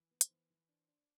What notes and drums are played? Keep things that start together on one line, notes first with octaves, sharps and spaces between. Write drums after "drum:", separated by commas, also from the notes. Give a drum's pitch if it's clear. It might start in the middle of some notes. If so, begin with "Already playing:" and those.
Already playing: E3
B3
C5, drum: hi-hat
E3
E3
D4
D4